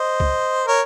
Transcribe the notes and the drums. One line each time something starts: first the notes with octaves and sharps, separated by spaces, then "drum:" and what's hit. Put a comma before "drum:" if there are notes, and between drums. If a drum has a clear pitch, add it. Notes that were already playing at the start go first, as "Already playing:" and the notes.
Already playing: C5 D#5
drum: kick
A#4 C#5